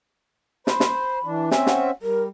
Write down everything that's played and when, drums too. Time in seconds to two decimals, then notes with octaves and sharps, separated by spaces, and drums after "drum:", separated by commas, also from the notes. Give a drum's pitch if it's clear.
0.67 C5 B5, drum: snare
0.80 drum: snare
1.24 E3 D4
1.51 C4 C#4 E5 G#5, drum: snare
1.67 F#5, drum: snare
2.02 G3 A#4